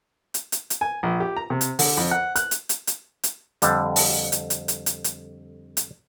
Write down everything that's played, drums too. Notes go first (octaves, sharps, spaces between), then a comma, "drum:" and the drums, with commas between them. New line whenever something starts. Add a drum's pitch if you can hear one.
drum: hi-hat
drum: hi-hat
drum: hi-hat
G#5
A#1
G4
A#5
C3
drum: hi-hat
D3, drum: open hi-hat
F2
F#5
F#6, drum: hi-hat
drum: hi-hat
drum: hi-hat
drum: hi-hat
drum: hi-hat
F2 D3 G3, drum: hi-hat
drum: open hi-hat
drum: hi-hat
drum: hi-hat
drum: hi-hat
drum: hi-hat
drum: hi-hat
drum: hi-hat